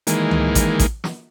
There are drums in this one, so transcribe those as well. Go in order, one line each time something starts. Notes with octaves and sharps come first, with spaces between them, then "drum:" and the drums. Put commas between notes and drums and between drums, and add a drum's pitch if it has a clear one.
D#3 E3 G#3 A#3, drum: hi-hat
drum: tom C#2
drum: kick A1, hi-hat
drum: kick A1, hi-hat
drum: snare